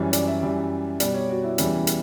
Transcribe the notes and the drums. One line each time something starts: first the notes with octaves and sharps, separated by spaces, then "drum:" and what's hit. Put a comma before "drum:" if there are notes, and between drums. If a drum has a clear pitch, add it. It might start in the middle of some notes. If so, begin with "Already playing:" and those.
Already playing: F#2 E3 G3 C#5
D5, drum: hi-hat
E5
F#2 E3 G3
B2 G3 D5, drum: hi-hat
C#5
F#4
E4
E2 C#3 E3 G3, drum: hi-hat
drum: hi-hat